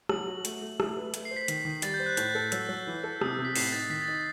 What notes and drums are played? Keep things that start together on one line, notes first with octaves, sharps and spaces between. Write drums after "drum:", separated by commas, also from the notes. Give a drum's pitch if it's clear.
F#3 F#7, drum: rim click
F#4
A3, drum: hi-hat
A3
A3, drum: rim click
B4
A3, drum: hi-hat
C7
C5
B6
D#3, drum: hi-hat
D#3
G3 A6, drum: hi-hat
G6
C5
F#6
A2 G6, drum: hi-hat
A6
A4
F#3 E6, drum: hi-hat
F#3
E3
A4
C3 D#6, drum: rim click
E6
C3
B6
A2 C7, drum: open hi-hat
D#4 A6
D#3 B6
A6
D#4